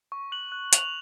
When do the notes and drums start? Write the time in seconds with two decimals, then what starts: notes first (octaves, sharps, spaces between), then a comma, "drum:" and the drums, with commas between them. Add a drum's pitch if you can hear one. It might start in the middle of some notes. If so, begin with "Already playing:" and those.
0.12 C#6
0.32 F#6 F#7
0.52 F#6
0.73 C#6 F7, drum: hi-hat